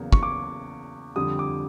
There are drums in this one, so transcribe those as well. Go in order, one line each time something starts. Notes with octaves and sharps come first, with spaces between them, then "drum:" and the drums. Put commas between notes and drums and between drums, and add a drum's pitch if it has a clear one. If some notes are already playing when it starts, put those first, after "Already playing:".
Already playing: E2 C#3 F#3 A#3
C#6, drum: kick
D6
F2 D3 G3 D#6
D6